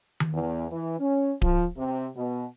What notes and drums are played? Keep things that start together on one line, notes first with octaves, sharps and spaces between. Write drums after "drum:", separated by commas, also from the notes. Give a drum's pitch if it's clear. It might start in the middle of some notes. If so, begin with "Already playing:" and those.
drum: tom D#3
E2
E3
C#4
F3, drum: kick D1
C3
B2